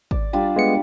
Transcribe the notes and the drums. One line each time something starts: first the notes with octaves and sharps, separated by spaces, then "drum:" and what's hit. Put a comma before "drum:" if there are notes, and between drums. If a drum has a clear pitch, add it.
D5, drum: kick G#1
G3 D4 F4
G#3 B3 C#7